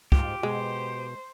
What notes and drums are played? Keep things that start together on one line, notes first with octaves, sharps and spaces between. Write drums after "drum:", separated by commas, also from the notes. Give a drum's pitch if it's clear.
G#2 F4 G4, drum: kick
B2 G#3 C5